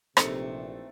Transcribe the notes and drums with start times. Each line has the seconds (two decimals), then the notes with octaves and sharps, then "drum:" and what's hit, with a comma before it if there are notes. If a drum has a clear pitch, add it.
0.17 A#1 C3 E3 A3 C4 D#4 A4 C#7, drum: rim click